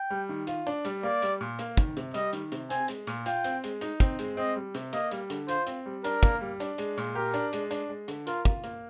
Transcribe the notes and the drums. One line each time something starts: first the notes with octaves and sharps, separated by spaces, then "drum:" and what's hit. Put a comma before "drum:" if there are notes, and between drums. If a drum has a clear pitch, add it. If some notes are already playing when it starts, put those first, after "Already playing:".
Already playing: G5
G3
D#3
F4, drum: hi-hat
D4, drum: hi-hat
G3, drum: hi-hat
A#3 D5
G3, drum: hi-hat
A#2
A#3, drum: hi-hat
D#3, drum: kick, hi-hat
C3, drum: hi-hat
G3 D#5, drum: hi-hat
D#3, drum: hi-hat
C3, drum: hi-hat
C4 G#5, drum: hi-hat
G#3, drum: hi-hat
A#2, drum: hi-hat
F4 G5, drum: hi-hat
C4, drum: hi-hat
G#3, drum: hi-hat
D#4, drum: hi-hat
C4, drum: kick, hi-hat
G#3, drum: hi-hat
C4 D#5
G3
C3, drum: hi-hat
A#3 D#5, drum: hi-hat
G3, drum: hi-hat
D3, drum: hi-hat
F4 C5, drum: hi-hat
C4, drum: hi-hat
G3
D4 A#4, drum: hi-hat
A#3, drum: kick, hi-hat
G3
D4, drum: hi-hat
G#3, drum: hi-hat
A#2, drum: hi-hat
G4 A#4
D4, drum: hi-hat
G#3, drum: hi-hat
D4, drum: hi-hat
G#3
D3, drum: hi-hat
F4 A#4, drum: hi-hat
F4, drum: kick, hi-hat
A#3, drum: hi-hat